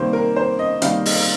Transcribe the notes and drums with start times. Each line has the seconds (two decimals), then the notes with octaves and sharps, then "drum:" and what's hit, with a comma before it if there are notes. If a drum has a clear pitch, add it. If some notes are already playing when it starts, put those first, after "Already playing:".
Already playing: C3 D#3 G3 A#3 C5
0.13 A#4
0.36 C5
0.59 D#5
0.82 C3 D#3 G3 A#3 F5, drum: hi-hat
1.06 D#5, drum: open hi-hat